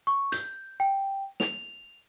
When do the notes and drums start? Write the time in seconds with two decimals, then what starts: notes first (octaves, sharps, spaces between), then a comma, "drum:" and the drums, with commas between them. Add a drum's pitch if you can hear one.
0.07 C#6
0.32 G6, drum: hi-hat
0.80 G5
1.40 F7, drum: snare